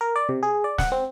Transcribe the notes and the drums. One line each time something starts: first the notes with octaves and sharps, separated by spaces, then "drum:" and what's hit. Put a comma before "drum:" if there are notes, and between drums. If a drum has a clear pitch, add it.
A#4
D5
C3
G#4
D5
F#5, drum: snare
C4